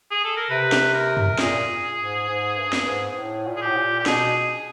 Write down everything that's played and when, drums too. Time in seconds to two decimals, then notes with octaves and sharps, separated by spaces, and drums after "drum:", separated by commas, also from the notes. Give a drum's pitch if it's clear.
0.11 G#4
0.24 A4
0.37 A#4
0.50 C3 B4
0.72 drum: snare
0.94 A#4
1.17 drum: tom
1.39 A#2 G#4, drum: snare
1.99 G#2
2.29 G#2
2.58 G2
2.73 drum: snare
2.88 G#2
3.11 G#2
3.17 A2
3.47 A#2
3.57 G#4
3.62 A2 G4
3.76 A#2
3.99 G4
4.06 B2 G#4, drum: snare